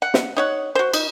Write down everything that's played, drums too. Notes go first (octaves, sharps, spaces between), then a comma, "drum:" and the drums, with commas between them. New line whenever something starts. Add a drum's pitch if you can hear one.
F#5
drum: snare
D#4 C#5 F#5
F#4 C5
D#4, drum: cymbal